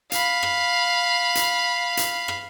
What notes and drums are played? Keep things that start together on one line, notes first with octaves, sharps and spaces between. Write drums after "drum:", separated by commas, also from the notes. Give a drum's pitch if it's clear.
F5 B5, drum: hi-hat
drum: rim click
drum: hi-hat
drum: hi-hat
drum: rim click